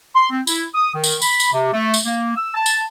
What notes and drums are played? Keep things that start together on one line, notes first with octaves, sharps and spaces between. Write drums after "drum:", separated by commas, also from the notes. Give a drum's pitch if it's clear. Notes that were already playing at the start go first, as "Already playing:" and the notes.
C6
C4
E4, drum: tambourine
D#6
D#3
drum: tambourine
B5, drum: tambourine
drum: tambourine
C3
A3
drum: tambourine
A#3
E6
A5
drum: tambourine